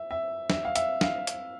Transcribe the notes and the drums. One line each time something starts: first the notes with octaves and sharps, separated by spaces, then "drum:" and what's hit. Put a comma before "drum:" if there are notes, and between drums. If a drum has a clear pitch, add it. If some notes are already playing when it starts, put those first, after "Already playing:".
Already playing: E5
E5
E5, drum: snare
F5
E5, drum: hi-hat
F5, drum: snare
drum: hi-hat